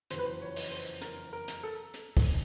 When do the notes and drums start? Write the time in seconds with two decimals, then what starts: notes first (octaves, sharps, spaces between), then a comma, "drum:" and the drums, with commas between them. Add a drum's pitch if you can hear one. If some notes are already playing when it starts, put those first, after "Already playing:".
0.10 F#1 F2 C3 E3 C5, drum: hi-hat
0.19 B4
0.26 C5
0.42 C#5
0.56 drum: open hi-hat
0.72 C5
1.01 A#4, drum: hi-hat
1.33 A#4
1.48 drum: hi-hat
1.63 A4
1.94 drum: hi-hat
2.17 drum: kick, open hi-hat